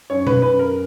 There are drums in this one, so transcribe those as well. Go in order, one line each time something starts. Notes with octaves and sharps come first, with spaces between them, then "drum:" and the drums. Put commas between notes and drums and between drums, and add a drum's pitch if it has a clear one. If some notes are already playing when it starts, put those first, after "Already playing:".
F#2 C#5
B4, drum: tom B2
F#2 B4
A#4